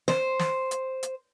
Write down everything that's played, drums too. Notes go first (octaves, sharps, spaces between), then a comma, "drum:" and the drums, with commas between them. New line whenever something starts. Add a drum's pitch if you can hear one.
C5, drum: snare
drum: snare
drum: hi-hat
drum: hi-hat